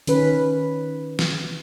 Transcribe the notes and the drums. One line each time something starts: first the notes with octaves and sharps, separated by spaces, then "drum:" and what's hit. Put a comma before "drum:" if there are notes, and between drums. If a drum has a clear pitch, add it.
D#3 C#4 B4, drum: hi-hat
drum: snare